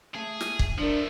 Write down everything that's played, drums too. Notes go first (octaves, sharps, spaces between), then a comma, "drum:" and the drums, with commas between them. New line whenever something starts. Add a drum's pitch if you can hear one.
A3 G#4 E5 A5
drum: snare
drum: kick
F3 A3 D4 E4 A#4